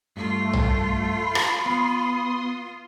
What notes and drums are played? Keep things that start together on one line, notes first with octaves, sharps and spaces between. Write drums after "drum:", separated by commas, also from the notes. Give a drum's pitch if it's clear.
G2 A3 F4
drum: tom B1
B5
drum: rim click
B3 C6 D#6